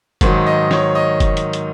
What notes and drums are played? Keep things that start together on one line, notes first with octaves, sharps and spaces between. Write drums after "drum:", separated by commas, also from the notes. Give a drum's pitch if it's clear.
G#2 D#3 F#3, drum: kick, hi-hat
D#5
C#5, drum: snare
D#5
drum: kick, hi-hat
drum: hi-hat
drum: hi-hat